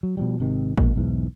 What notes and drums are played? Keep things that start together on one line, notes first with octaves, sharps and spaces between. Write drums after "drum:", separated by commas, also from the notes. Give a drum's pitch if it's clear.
F#3
B2 F3 G3
G#1 C3 D#3
A#1 B2 G#3 A#3, drum: kick A1
B1 E2 G#2 E3